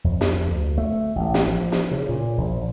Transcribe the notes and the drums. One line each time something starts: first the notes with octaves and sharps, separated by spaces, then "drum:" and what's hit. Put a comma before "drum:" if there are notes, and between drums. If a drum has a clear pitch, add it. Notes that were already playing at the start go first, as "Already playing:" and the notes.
F2
drum: snare
D2
A3
A1
drum: snare
F3
drum: snare
C#3
A#2
A#1